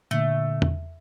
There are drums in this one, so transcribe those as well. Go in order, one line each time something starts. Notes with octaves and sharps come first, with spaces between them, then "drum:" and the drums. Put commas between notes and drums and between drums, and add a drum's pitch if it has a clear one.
A#2 D3 A3
drum: tom E2